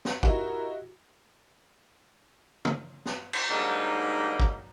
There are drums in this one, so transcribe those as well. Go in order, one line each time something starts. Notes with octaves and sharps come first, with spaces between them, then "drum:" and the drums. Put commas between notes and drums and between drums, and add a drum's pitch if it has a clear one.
drum: snare
D#4 E4 F#4 G4 A#4, drum: kick
drum: tom
drum: snare
drum: cymbal
G#2 D3 F#3 G3 A#3 D#4
drum: kick